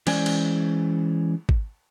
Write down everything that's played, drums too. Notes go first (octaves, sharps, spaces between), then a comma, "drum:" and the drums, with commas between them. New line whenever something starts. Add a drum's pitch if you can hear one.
E3 G#3 C#4 C5 D5 G#5, drum: cymbal
drum: cymbal
drum: kick G#1